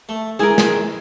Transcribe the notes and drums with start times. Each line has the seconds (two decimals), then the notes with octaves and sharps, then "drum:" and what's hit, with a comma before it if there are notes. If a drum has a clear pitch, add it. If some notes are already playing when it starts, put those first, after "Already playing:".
0.09 A3
0.39 E3 G#3 G#4 A#4
0.58 drum: snare